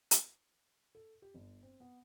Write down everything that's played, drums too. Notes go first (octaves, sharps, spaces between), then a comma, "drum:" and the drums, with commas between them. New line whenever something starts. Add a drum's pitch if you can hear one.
drum: hi-hat
A4
G4
G1
C4
B3